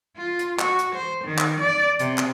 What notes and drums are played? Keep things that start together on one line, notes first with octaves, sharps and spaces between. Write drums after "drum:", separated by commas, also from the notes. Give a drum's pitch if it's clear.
F4
drum: hi-hat
F#4, drum: clap
drum: hi-hat
C5
D#3
drum: clap
D5
C3, drum: hi-hat
drum: clap